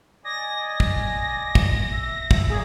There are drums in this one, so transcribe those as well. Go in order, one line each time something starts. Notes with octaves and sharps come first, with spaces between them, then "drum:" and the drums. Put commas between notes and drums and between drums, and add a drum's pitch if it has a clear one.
D5 D#5 G#5 A#6
drum: kick
drum: kick
E5
drum: kick
A#2 A#3 G#4